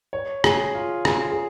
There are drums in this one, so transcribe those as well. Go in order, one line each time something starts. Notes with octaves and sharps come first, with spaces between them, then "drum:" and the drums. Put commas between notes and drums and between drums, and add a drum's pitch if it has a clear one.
C#5
G#4, drum: rim click
F4
G#4, drum: rim click
G#4